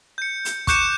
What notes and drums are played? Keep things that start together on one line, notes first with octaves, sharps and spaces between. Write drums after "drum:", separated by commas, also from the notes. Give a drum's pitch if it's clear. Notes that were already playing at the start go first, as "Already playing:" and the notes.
G6 C#7
drum: hi-hat
C#6 D6 F#6 G6 C#7 E7, drum: kick, hi-hat